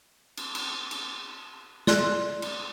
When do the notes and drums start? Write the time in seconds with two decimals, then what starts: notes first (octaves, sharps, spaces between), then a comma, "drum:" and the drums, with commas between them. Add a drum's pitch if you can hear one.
0.37 drum: cymbal
0.55 drum: cymbal
0.91 drum: cymbal
1.87 D5 C6 F#6, drum: snare
2.42 drum: cymbal